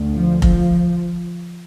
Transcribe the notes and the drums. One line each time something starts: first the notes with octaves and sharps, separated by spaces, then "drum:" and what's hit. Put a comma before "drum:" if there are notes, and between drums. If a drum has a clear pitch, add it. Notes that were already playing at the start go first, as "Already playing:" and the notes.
Already playing: D2
F3
F3, drum: kick F1